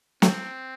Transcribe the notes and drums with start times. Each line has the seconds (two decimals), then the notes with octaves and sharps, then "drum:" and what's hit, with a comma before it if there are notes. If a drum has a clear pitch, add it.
0.22 F#3 A3 C4, drum: snare